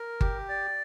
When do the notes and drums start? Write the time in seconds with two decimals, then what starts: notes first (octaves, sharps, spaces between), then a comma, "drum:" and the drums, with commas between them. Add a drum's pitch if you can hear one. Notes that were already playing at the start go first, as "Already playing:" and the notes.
Already playing: A#4
0.21 G4, drum: kick G1
0.49 D5